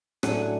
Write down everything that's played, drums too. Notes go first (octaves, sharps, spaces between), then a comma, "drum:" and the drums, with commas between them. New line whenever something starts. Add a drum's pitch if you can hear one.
A2 F#3 A3 D4 F#5 G#5, drum: rim click